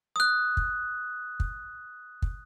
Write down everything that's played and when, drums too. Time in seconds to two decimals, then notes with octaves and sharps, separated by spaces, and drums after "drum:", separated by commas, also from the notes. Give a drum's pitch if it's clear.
0.16 D#6 F#6
0.57 drum: kick
1.40 drum: kick
2.22 drum: kick